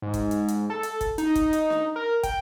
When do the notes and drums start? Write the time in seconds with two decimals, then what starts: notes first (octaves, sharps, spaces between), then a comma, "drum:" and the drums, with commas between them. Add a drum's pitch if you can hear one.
0.02 G#2
0.14 drum: kick, hi-hat
0.31 drum: hi-hat
0.48 drum: hi-hat
0.70 A4
0.83 drum: hi-hat
1.01 drum: kick, hi-hat
1.18 D#4, drum: hi-hat
1.35 drum: kick, hi-hat
1.53 drum: hi-hat
1.70 drum: snare
1.96 A#4
2.23 G5, drum: kick, hi-hat